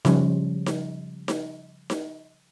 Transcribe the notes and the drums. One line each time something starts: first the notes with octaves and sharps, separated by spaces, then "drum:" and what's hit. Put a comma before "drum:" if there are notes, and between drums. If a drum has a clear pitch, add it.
C#3 F3 G3 C#4, drum: snare D#4
drum: snare D#4
drum: snare D#4
drum: snare D#4